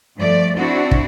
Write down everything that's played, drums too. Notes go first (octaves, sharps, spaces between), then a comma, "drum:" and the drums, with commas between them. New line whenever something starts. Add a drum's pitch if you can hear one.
G2 F3 A3 D5
C4 D4 E4 F#4
drum: kick